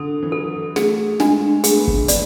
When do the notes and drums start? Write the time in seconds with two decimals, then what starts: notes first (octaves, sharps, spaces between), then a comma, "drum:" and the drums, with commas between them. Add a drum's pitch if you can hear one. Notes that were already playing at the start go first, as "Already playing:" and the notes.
Already playing: D3 A4
0.23 E3
0.32 F#3 A4
0.76 A3 G#4, drum: snare
1.20 G#3 D4, drum: snare
1.64 A3 G#4, drum: hi-hat
1.75 B3
1.88 A3, drum: kick
2.08 B3 D5, drum: hi-hat